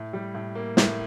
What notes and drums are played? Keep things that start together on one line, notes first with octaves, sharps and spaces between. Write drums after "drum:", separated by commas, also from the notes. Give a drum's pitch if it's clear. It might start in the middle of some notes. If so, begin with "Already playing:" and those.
Already playing: A2
G3
A2
A#3
A2, drum: snare